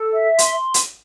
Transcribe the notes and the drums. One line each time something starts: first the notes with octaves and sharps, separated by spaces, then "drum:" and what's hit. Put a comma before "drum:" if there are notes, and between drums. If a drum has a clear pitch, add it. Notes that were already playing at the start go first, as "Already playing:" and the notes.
Already playing: A4
E5
C6, drum: hi-hat
drum: hi-hat